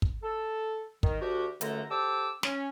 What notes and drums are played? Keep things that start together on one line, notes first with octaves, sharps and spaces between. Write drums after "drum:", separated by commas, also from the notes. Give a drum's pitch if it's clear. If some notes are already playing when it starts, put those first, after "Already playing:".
drum: kick
A4
D#3, drum: kick
D2 F#4 G4
C#2 F#2 D3 A3 A4 A#5, drum: hi-hat
G4 A4 C5 D6 E6
C#4, drum: snare